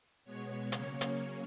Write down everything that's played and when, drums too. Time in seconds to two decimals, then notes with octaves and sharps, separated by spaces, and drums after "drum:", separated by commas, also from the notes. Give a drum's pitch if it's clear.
0.24 B2 G#3 B3 C#5
0.72 C#3 F#3 A#3 C#4, drum: hi-hat
1.01 drum: hi-hat